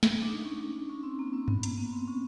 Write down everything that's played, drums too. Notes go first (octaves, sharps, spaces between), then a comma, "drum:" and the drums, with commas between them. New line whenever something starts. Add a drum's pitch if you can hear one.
drum: snare
D4
D#4
C#4
C#4
C#4
C#4
C4
A#3
C4
B3, drum: tom G2
A#3, drum: hi-hat
B3
C4
C#4